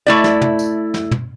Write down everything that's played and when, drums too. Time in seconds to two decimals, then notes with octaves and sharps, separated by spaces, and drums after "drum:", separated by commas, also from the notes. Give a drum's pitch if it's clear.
0.07 A3 E4 D5
0.24 drum: snare
0.41 drum: tom
0.59 drum: tambourine
0.94 drum: snare
1.11 drum: tom